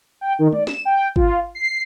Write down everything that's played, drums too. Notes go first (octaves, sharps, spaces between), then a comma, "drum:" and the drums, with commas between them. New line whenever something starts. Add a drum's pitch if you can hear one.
G5
D#3
D5, drum: tom G#3
E7, drum: snare
G5
F4, drum: kick G#1
C7